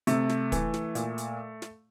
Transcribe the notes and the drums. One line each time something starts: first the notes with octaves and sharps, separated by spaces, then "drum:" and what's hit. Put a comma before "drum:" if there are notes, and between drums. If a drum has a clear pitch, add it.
C3 A3, drum: hi-hat
drum: snare
E3, drum: kick, hi-hat
drum: snare
A#2, drum: hi-hat
drum: hi-hat
drum: snare